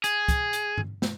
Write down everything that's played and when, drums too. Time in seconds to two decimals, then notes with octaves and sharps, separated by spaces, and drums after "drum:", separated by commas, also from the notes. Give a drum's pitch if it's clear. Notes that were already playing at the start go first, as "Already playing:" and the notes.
0.04 G#4, drum: hi-hat
0.28 drum: kick, hi-hat
0.53 drum: hi-hat
0.78 drum: tom G2
1.02 drum: snare